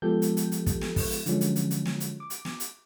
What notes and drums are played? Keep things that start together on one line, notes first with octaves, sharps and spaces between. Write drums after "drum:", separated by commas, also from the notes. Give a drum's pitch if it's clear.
F3 G#3 B3 G4 A4 G6
drum: hi-hat
drum: hi-hat
drum: hi-hat
drum: kick, hi-hat
drum: snare
drum: kick, open hi-hat
drum: hi-hat
D3 F3 F#3 G#3 C#4, drum: hi-hat
drum: hi-hat
drum: hi-hat
drum: hi-hat
drum: snare
drum: hi-hat
D6
drum: hi-hat
drum: snare
drum: hi-hat